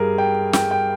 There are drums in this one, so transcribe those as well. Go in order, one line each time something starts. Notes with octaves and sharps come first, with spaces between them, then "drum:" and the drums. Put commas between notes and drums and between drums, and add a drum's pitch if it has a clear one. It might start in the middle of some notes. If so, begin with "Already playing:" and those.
Already playing: G2 G3 G#4 A#4
G5
G5, drum: snare
G5